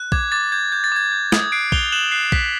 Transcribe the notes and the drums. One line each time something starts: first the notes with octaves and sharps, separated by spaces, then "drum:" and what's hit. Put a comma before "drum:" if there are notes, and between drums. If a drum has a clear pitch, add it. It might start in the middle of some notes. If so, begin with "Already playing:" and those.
Already playing: F#6
D6 G#6, drum: kick
D6 A6
G6 G#6
G6 G#6
A6
D6 G#6
G6
D#6 G#6, drum: snare
F#6 C7 D7
F#6 F7 G7, drum: kick
F#6 E7 F#7
F#6 C7
F#6 B6, drum: kick